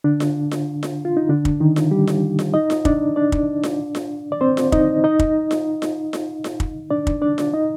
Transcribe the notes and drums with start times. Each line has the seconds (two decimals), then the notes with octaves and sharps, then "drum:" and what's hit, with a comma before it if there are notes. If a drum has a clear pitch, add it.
0.04 D3 D4
0.20 drum: snare F4
0.51 drum: snare F4
0.83 drum: snare F4
1.05 F4
1.17 D#4
1.29 D3 D4
1.45 drum: kick
1.60 D#3 D#4
1.76 drum: snare F4
1.91 G3 G4
2.07 drum: snare F4
2.39 drum: snare F4
2.54 D#4 D#5
2.70 drum: snare F4
2.85 D4 D5, drum: kick
3.16 D4 D5
3.32 drum: kick
3.63 drum: snare F4
3.95 drum: snare F4
4.32 D5
4.41 C4 C5
4.57 drum: snare F4
4.72 D#4 D#5, drum: kick
5.04 D#4 D#5
5.19 drum: kick
5.51 drum: snare F4
5.82 drum: snare F4
6.13 drum: snare F4
6.44 drum: snare F4
6.60 drum: kick
6.90 D4 D5
7.07 drum: kick
7.22 D4 D5
7.38 drum: snare F4
7.54 D#4 D#5